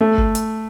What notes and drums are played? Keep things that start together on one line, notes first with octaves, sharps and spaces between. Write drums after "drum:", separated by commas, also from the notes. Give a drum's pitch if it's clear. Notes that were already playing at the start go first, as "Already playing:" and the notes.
A3
drum: kick G1
drum: hi-hat